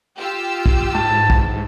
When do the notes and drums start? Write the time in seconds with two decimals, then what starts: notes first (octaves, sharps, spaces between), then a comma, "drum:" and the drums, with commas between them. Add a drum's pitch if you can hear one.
0.18 F4 G4 E6
0.66 drum: kick
0.95 G#2 A5
1.30 drum: kick